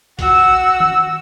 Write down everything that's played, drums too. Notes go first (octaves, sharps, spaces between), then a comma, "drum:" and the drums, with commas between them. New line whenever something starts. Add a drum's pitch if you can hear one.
F#4 E6, drum: kick A#1, hi-hat
drum: tom